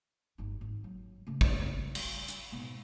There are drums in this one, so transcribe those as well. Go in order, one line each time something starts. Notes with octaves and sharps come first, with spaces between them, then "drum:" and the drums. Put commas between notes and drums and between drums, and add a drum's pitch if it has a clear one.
G1 D#4
G#1
F#3
C#3 A3
drum: kick
G3, drum: cymbal
drum: hi-hat
G#2 B2